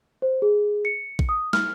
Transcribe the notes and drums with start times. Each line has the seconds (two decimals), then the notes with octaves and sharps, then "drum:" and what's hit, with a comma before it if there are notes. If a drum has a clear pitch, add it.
0.22 C5
0.42 G#4
0.85 C#7
1.19 drum: kick A#1
1.29 D#6
1.53 F6, drum: snare